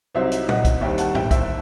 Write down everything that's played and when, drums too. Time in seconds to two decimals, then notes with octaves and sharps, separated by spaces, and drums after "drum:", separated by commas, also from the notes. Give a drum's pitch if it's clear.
0.15 C2 C3 F#3 C4 D#4 C5 E5
0.32 drum: hi-hat
0.49 D#5 F#5, drum: tom
0.65 drum: kick B1, hi-hat
0.81 D#2 D#3 G3 C4 E5 G5
0.98 F#5 A5, drum: hi-hat
1.15 E5 G5, drum: tom G#2
1.31 C5 E5, drum: kick B1, hi-hat